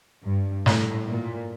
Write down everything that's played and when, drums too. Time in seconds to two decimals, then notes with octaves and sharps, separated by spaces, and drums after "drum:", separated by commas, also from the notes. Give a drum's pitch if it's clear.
0.24 G2
0.66 A2, drum: snare
1.08 A#2